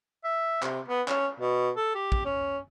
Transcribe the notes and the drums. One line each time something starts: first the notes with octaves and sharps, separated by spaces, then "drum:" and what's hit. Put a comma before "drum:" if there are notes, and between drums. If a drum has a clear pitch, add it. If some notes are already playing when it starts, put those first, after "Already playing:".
E5
C3, drum: clap
B3
C#4, drum: clap
B2
A4
G4
drum: kick
C#4